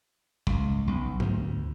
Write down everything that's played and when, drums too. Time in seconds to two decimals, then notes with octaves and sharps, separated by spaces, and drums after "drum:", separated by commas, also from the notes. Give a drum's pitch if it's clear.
0.47 C#2, drum: kick
0.87 B1
1.20 D2, drum: tom G#2